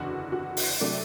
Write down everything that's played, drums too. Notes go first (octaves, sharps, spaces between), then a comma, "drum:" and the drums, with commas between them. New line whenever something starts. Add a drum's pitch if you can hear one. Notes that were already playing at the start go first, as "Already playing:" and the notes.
Already playing: F#1 E2 D3 F#4 F#5
F#4 F#5
drum: open hi-hat
C3 F#3 A3 D4 D5